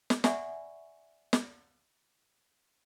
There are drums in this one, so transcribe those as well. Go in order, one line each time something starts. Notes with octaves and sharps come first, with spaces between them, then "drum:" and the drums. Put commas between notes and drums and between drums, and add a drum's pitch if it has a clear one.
drum: snare
D5 E5 F#5 G#5 B5 C#6, drum: snare
drum: snare